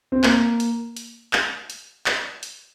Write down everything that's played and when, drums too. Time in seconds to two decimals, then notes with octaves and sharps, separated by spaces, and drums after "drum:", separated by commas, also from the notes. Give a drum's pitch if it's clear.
0.12 C4
0.24 A#3, drum: clap
0.60 drum: hi-hat
0.97 drum: hi-hat
1.33 drum: clap
1.70 drum: hi-hat
2.06 drum: clap
2.43 drum: hi-hat